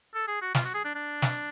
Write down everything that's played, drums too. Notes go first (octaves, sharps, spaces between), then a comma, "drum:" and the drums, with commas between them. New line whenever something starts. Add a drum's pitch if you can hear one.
A4
G#4
F#4
F4, drum: snare
F#4
G#4
D4
D4
drum: snare